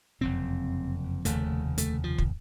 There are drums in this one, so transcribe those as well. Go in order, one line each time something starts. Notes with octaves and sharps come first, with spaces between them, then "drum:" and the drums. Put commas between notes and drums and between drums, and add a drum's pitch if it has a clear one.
F#1 F2 C3 C4
F1 D#2 C#3 A3, drum: hi-hat
A3, drum: hi-hat
F3
drum: kick